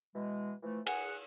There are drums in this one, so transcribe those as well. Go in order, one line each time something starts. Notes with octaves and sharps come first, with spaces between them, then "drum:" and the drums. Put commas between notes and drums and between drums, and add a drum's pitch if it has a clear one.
B2 E3 G#3
E3 F3 A3
G#4 F#5, drum: cymbal